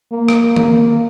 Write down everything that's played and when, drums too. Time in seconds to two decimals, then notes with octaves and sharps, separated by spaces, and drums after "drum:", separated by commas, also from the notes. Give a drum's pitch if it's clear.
0.11 A#3
0.28 drum: rim click
0.56 A#3, drum: tom D#3